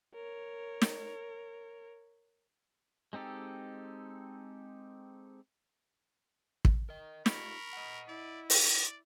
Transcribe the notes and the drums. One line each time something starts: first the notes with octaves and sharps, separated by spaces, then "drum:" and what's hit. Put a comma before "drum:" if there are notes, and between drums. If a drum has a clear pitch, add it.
A#4 C#5
drum: snare
G#3 C4 D#4 G4 A4
drum: kick
A#4 D#5
F4 G4 A#4 B5 C#6, drum: snare
D#5 F#5
E4 D5
D5, drum: open hi-hat